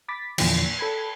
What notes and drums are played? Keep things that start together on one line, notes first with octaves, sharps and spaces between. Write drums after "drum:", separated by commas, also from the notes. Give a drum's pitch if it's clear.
B5 D6 A6 B6
E2 A#2 D3 E3 F3, drum: cymbal
A4 B5 G#6